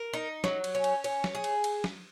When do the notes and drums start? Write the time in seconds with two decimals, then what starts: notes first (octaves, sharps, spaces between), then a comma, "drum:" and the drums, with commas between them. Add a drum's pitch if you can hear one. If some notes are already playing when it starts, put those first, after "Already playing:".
Already playing: A#4
0.13 D#4
0.44 F#3, drum: snare
0.64 drum: cymbal
0.75 C#4
0.84 drum: cymbal
1.04 C#5, drum: cymbal
1.24 drum: snare
1.35 G#4
1.44 drum: cymbal
1.64 drum: cymbal
1.84 drum: snare